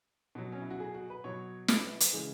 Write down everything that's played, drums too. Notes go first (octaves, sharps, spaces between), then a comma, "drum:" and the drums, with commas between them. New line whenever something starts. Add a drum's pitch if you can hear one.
B2 F#3
C#4
E4
F#4
G#4
F#4
B4
B2 F#3 C#5
B4, drum: snare
drum: hi-hat
C#3 E3 G#3